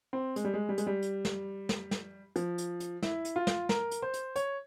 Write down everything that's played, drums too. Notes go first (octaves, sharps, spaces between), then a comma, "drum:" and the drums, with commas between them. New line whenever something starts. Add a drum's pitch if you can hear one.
C4
G#3, drum: hi-hat
G3
G#3
G3
G#3, drum: hi-hat
G3
drum: hi-hat
drum: snare
drum: snare
drum: snare
F3, drum: hi-hat
drum: hi-hat
drum: hi-hat
E4, drum: snare
drum: hi-hat
F4
drum: snare
A#4, drum: snare
drum: hi-hat
C5
drum: hi-hat
C#5, drum: hi-hat